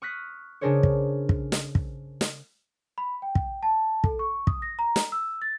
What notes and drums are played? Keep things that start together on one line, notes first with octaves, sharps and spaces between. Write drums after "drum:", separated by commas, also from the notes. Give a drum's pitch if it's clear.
C#6 D#6 F6 F#6 A#6 B6
C#3 D4 G#4 A#4 C5 C#5
drum: kick
drum: kick
drum: snare
drum: kick
drum: snare
B5
G5
drum: kick
A5
A4, drum: kick
C#6
D#6, drum: kick
A#6
A#5
drum: snare
E6
A6